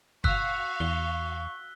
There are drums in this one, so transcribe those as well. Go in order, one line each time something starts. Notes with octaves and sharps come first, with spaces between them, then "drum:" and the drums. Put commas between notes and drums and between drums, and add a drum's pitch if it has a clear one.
F#4 F5 C#6 E6 F#6 B6, drum: kick
E2 G7